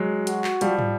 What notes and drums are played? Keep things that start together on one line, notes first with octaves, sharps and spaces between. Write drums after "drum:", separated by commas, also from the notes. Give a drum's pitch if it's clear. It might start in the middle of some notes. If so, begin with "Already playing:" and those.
Already playing: F#3 G#3
F#4, drum: hi-hat
drum: clap
F3 G3, drum: hi-hat
drum: tom